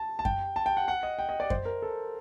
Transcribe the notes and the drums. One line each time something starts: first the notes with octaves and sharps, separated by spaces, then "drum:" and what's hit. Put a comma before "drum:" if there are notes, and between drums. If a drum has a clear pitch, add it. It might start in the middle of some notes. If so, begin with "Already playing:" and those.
Already playing: A5
A5
G5, drum: kick F#2
A5
G5
F#5
F#5
D#5
G5
D#5
D5
C5, drum: kick F#2
A#4
A4